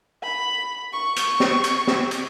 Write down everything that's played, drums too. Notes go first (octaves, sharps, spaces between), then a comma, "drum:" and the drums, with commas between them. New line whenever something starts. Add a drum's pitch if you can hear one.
B5
C#6
drum: hi-hat
drum: snare
drum: hi-hat
drum: snare
drum: hi-hat